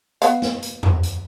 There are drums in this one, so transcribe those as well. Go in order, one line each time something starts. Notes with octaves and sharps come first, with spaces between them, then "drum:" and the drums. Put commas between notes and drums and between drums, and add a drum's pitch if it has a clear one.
B3 F5, drum: hi-hat
drum: snare
drum: hi-hat
drum: tom E2
drum: hi-hat